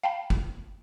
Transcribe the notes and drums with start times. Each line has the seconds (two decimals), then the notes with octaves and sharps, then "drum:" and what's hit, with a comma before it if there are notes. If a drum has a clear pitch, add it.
0.03 F5 G5 A5 B5
0.30 drum: kick